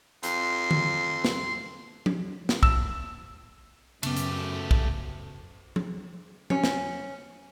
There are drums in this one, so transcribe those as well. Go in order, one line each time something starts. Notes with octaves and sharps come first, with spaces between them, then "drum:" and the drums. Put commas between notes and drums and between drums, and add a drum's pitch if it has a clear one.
F2 C6, drum: hi-hat
drum: tom D3
drum: snare
drum: tom F3
drum: snare
E6, drum: kick
F#2 C#3 A3 B3 G4, drum: cymbal
drum: hi-hat
drum: kick
drum: tom F3
C#4, drum: tom F3
drum: snare